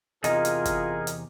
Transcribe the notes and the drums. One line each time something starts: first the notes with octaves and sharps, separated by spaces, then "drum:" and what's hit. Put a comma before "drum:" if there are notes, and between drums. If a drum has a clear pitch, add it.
E2 C3 D#4 F4 G#4 A#4 D#5, drum: hi-hat
drum: hi-hat
drum: kick, hi-hat
drum: hi-hat